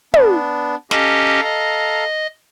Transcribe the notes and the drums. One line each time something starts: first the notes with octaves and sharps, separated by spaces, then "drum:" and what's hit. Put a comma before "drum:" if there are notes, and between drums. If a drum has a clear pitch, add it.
B3 D4, drum: tom
C#4 G4 A4 D#5 F5 A#5, drum: snare
D#5